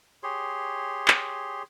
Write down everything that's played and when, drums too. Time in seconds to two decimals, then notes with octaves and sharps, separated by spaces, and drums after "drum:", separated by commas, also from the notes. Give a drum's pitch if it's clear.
0.23 G4 G#4 C#5 C6
1.08 drum: clap